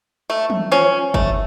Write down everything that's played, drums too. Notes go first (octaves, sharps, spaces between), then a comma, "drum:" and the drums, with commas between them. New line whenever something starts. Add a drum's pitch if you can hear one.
A3
drum: tom
F3 C#4
A3, drum: kick F#1